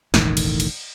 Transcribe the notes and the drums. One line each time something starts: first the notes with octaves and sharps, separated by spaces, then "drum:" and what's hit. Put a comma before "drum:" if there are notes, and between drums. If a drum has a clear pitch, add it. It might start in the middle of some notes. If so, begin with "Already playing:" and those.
E1 A1 A2 D#3, drum: snare
drum: cymbal
drum: cymbal